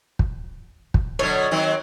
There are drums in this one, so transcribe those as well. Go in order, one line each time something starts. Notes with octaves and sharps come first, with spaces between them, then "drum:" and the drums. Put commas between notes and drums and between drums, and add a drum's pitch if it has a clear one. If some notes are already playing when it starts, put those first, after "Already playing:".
drum: kick
drum: kick
B2 D3 F#3 C#5
D#3 F#3 C4